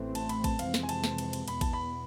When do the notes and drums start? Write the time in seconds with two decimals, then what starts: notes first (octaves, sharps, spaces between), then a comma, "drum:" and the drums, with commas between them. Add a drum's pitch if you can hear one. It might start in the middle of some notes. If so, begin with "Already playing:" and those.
Already playing: A1 A2 E3 A3 C4
0.15 A5, drum: cymbal
0.29 B5, drum: cymbal
0.44 A5, drum: kick A1, cymbal
0.59 F2 C3 E3 G#3 C4 F5, drum: cymbal
0.74 drum: snare
0.83 G#5
0.89 A5, drum: cymbal
1.04 drum: snare
1.18 drum: cymbal
1.33 drum: cymbal
1.48 E2 B2 B3 B5, drum: cymbal
1.61 A5, drum: kick A1, cymbal
1.73 B5